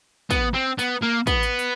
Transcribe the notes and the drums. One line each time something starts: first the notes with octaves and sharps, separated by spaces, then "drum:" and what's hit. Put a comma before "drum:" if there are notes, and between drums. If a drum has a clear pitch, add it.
B3, drum: kick, hi-hat
C4
B3, drum: hi-hat
A#3
B3, drum: kick, hi-hat
drum: hi-hat
drum: hi-hat